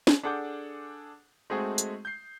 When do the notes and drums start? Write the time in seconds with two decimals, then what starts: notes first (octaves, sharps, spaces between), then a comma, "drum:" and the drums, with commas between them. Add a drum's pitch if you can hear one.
0.07 drum: snare
0.23 D4 G#4 A4 F#5 D6 G6
1.50 G#3 A3 C4 D#4 F#4 G#4
1.78 drum: hi-hat
2.05 G6 C7